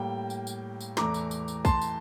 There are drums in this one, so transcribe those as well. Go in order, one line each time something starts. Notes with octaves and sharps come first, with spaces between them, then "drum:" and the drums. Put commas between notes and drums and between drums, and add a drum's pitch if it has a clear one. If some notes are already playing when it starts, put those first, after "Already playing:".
Already playing: A2 G3 A#3 G5
drum: tambourine
drum: tambourine
drum: tambourine
E2 E3 A3 A#5 D6, drum: snare
drum: tambourine
drum: tambourine
drum: tambourine
A5 C6, drum: kick, tambourine
drum: tambourine